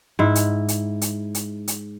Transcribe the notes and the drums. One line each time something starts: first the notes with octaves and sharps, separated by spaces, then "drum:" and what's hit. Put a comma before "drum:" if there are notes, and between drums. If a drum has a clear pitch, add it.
G#2 E4
drum: hi-hat
drum: hi-hat
drum: hi-hat
drum: hi-hat
drum: hi-hat